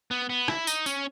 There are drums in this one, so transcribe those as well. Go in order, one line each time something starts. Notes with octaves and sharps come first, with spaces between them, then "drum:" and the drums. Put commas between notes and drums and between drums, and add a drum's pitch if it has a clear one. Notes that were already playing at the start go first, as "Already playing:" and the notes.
B3
B3
E4, drum: rim click
D#4, drum: tambourine
C#4, drum: tambourine